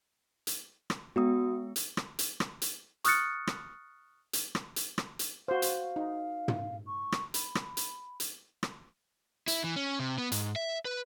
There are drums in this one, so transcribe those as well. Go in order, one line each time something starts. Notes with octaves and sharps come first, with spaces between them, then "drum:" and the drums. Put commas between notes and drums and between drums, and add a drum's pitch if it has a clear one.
drum: hi-hat
drum: rim click
G#3 B3 F#4 D#6
drum: hi-hat
drum: rim click
drum: hi-hat
drum: rim click
drum: hi-hat
C#6 D#6 F6 F#6 A6 C#7, drum: hi-hat
drum: rim click
drum: hi-hat
drum: rim click
drum: hi-hat
drum: rim click
drum: hi-hat
F#4 C5 F5
drum: hi-hat
D#4
drum: tom
C#6
drum: rim click
B5, drum: hi-hat
drum: rim click
drum: hi-hat
drum: hi-hat
drum: rim click
E4, drum: hi-hat
E3
C#4
C3
B3
G#2, drum: hi-hat
E5
B4